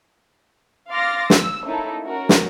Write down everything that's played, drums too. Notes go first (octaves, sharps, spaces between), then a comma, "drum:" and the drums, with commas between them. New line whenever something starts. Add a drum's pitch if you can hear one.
F5 C6 D6 F6 A6 A#6
E6, drum: snare
A3 A#3 C#4 D#4 E4 A4
C#4 F#4 A#4
drum: snare